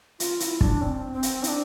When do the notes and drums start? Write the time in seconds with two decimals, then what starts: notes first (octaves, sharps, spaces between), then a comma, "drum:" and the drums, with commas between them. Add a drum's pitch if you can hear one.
0.20 F4, drum: hi-hat
0.40 E4, drum: hi-hat
0.61 D4, drum: kick
0.82 C4
1.13 C4
1.23 drum: hi-hat
1.44 E4, drum: hi-hat
1.48 D4